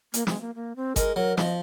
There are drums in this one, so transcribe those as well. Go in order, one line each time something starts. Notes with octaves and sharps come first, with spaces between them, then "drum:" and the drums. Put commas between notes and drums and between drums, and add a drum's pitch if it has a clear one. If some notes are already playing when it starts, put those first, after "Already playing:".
A#3, drum: hi-hat
G#3, drum: snare
A#3
A#3
C4
G#3 A#4, drum: kick G1, hi-hat
F#3 A#4
F3 D#5, drum: snare